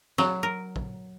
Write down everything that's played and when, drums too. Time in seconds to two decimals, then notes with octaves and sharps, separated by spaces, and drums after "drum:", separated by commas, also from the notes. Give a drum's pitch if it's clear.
0.18 F#3, drum: snare
0.43 A#4
0.76 drum: kick